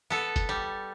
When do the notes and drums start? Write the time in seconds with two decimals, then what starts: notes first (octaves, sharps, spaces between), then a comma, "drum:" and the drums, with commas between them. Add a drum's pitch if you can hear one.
0.10 B3 A4
0.36 drum: kick F1, hi-hat
0.49 G3